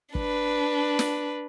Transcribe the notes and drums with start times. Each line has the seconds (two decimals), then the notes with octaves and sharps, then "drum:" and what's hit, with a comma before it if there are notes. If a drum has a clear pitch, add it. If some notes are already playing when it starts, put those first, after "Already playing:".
0.15 D4 B4, drum: kick
0.99 drum: snare